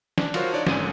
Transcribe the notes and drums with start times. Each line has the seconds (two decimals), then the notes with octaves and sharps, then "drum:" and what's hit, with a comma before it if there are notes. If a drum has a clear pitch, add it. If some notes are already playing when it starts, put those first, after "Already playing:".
0.18 D4, drum: snare
0.34 F4 F#4 A#4 C5 C#5, drum: cymbal
0.52 D4 D#4 C#5 D5
0.67 G#1 G#2 D3 G#3 C#4 D#7, drum: snare